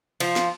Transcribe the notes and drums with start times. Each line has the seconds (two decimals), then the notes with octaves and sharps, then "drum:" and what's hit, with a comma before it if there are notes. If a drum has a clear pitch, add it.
0.20 F3, drum: cymbal
0.36 drum: snare